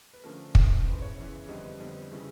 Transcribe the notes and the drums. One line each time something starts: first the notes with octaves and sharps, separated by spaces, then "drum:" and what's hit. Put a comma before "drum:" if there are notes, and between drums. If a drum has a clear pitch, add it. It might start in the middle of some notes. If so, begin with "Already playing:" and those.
B4
D3 F3 A3 C#4 A#4
D3 F3 A3 C#4, drum: kick
C5
E2 C#3 E3 B4
C#5
E2 C#3 E3
F2 D3 G3 B3 D#5
F2 D3 G3 B3
C#3 E3 G3